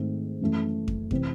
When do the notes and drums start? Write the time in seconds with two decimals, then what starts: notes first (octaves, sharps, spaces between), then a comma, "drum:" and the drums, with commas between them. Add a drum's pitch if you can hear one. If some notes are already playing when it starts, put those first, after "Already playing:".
Already playing: G#2 D#3 A3 C4
0.41 F#2 E3 A3
0.88 drum: kick F2
1.11 C3 E3 C4, drum: kick F2